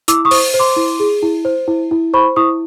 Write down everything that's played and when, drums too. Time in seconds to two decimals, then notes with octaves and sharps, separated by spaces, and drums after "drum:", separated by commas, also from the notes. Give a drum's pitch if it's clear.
0.08 E4 D6 E6, drum: hi-hat
0.25 C#6 D#6
0.31 C5, drum: open hi-hat
0.54 C5
0.59 C6 D6
0.77 E4
1.00 G#4
1.22 E4
1.45 C5
1.68 E4
1.91 E4
2.13 C5 B5 C#6
2.36 E4 C#6 D#6